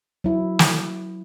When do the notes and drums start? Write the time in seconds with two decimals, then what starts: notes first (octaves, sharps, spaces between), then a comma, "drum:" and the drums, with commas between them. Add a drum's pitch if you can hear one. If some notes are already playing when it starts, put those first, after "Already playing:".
0.24 F#3 E4
0.59 drum: snare